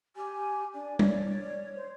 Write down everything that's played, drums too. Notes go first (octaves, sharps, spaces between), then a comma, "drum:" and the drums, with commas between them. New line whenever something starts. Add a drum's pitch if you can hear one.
G4 G#5
D4 D5 G#5
C#5 D5, drum: tom G3
C5